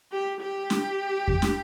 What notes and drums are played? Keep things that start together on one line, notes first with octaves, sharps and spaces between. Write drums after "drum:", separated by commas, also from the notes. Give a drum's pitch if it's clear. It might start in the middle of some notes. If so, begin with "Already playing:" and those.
G4
G4
drum: snare
drum: kick E2
drum: snare